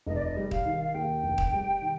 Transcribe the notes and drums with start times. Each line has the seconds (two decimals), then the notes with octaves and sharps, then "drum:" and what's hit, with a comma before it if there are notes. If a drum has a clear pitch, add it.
0.07 F1 D#5
0.15 D5
0.22 D#5
0.36 G3
0.51 F5, drum: kick D#1
0.65 D#3
0.84 F5
0.94 D#2 G5
1.24 F1
1.38 drum: kick D#1
1.53 G3
1.82 D#3